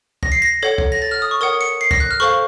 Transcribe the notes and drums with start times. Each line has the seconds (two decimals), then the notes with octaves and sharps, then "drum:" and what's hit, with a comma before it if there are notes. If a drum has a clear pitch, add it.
0.23 A#6, drum: kick
0.32 C7
0.42 A#6
0.63 A4 C#5 F#5
0.78 drum: kick
0.92 A#6, drum: cymbal
1.02 A6
1.11 F6
1.22 D#6
1.31 C#6
1.41 A#4 C#5 F#5 D#6
1.61 C#7
1.81 C7
1.91 A#6, drum: kick
2.00 F#6
2.11 F6
2.20 A4 C5 F5 C#6